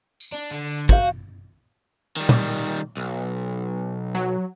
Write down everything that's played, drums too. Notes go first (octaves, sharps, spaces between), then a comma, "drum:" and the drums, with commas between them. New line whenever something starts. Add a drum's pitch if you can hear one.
drum: tambourine
D4
D3
F#4 C5 F5, drum: kick
D#3 G3
drum: tom
B1
F#3